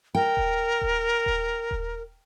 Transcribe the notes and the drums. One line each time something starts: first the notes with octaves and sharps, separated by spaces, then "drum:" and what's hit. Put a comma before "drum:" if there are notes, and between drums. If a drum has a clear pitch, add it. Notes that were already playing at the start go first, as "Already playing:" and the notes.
A#4 G5
drum: kick D#1
drum: kick D#1
drum: kick D#1
drum: kick D#1